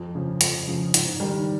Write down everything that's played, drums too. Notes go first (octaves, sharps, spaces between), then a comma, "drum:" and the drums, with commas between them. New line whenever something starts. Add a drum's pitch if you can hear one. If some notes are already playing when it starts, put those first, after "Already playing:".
Already playing: F2
C#3 F3
F2, drum: hi-hat
C#3 F3
G#2, drum: hi-hat
D#3 G3